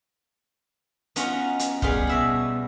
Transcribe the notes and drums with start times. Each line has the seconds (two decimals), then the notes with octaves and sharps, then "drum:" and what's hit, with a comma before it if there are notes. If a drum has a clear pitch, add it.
1.16 B3 C#4 D#4 F4 F#4, drum: hi-hat
1.59 drum: hi-hat
1.82 G3 B3 G#4 F5 C6, drum: kick
2.07 B2 E5 B5